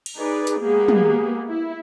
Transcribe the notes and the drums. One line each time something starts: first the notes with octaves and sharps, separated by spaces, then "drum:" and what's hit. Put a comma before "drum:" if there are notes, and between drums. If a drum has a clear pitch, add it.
drum: cymbal
D#4 G#4 B4 D5
drum: hi-hat
G#3 A#3 B3 G4 G#4
drum: tom
E4